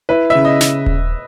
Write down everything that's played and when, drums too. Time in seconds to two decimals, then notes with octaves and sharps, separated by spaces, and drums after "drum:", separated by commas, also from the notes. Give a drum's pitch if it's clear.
0.09 E4 B4
0.30 C#3 E5
0.45 D#5
0.61 drum: snare
0.86 drum: kick D#1